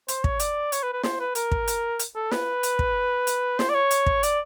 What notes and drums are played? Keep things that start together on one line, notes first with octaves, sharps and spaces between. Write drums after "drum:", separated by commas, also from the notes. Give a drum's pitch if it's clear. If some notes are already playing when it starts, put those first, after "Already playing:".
C5, drum: hi-hat
C#5, drum: kick
D5, drum: hi-hat
C#5, drum: hi-hat
B4
B4
C5, drum: snare
B4
A#4, drum: hi-hat
drum: kick
drum: hi-hat
drum: hi-hat
A4
B4, drum: snare
drum: hi-hat
drum: kick
drum: hi-hat
C5, drum: snare
D5
C#5
drum: hi-hat
drum: kick
D5, drum: hi-hat